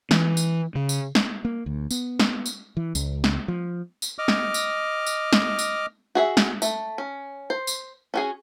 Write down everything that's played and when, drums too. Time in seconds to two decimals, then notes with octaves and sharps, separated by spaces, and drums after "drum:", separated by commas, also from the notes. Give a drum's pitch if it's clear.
0.11 E3, drum: snare
0.37 drum: tambourine
0.75 C#3
0.89 drum: tambourine
1.15 drum: snare
1.45 A#3
1.66 D2
1.91 B3, drum: tambourine
2.20 drum: snare
2.46 drum: tambourine
2.77 E3
2.95 C#2, drum: tambourine
3.24 drum: snare
3.48 F3
4.02 drum: tambourine
4.19 D#5 D6 F6
4.28 drum: snare
4.54 drum: tambourine
5.06 drum: tambourine
5.33 drum: snare
5.59 drum: tambourine
6.15 F#4 G#4 E5
6.37 drum: snare
6.62 A3, drum: tambourine
6.98 C#4
7.50 C5
7.67 drum: tambourine
8.14 C#4 F#4 G#4